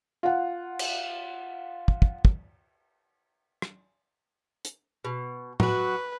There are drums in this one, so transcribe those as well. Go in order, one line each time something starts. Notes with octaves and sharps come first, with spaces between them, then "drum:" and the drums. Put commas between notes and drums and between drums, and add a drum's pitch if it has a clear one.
F4 F#5
drum: cymbal
drum: kick
drum: kick
drum: kick
drum: rim click
drum: hi-hat
B2
F#3 F#4 B4, drum: tom A2